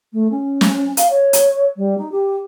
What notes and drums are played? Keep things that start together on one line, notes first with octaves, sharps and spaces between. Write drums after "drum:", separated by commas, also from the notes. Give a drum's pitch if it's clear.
A3
C#4
drum: snare
F5, drum: hi-hat
C#5
drum: hi-hat
G3
D#4
G4